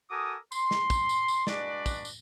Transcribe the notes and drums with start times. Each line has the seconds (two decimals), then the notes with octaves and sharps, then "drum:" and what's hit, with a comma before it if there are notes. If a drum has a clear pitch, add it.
0.10 F#4 A4 A#4 G#5 D6 D#6
0.52 C6, drum: tambourine
0.71 drum: snare
0.90 drum: kick, tambourine
1.09 drum: tambourine
1.28 drum: tambourine
1.47 G#3 D4 F#4 B4 D5, drum: snare
1.86 drum: kick, tambourine
2.05 drum: tambourine